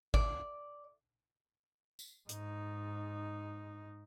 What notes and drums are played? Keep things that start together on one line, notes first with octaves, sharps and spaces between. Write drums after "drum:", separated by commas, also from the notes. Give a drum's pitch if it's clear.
D5, drum: kick G#1
drum: tambourine
G#2 D#4, drum: hi-hat